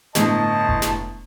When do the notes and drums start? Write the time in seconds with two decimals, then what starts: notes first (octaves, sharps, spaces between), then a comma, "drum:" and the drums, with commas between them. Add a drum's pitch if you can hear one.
0.15 G1 A2 D#5 A5, drum: snare
0.69 drum: kick F1
0.82 drum: snare